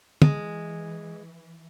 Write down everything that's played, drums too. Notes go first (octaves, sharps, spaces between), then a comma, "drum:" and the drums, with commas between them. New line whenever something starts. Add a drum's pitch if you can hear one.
E3 G#3, drum: tom